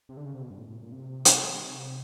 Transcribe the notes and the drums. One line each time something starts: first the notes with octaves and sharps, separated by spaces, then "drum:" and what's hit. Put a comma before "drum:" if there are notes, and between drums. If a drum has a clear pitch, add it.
C3
D3
C#3
C3
B2
G2
A2
A#2
C3
drum: hi-hat